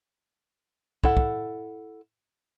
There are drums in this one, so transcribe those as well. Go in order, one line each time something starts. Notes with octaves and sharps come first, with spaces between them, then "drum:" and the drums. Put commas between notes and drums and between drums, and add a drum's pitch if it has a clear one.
E4 A4 F#5, drum: kick
drum: kick